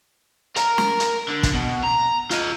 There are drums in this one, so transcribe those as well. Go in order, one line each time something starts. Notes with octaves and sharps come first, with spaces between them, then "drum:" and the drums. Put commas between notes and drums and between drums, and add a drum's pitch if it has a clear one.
A#4 A#5, drum: hi-hat
drum: snare
drum: hi-hat
D3
drum: kick, hi-hat
B2
A#5
F4 D#5, drum: hi-hat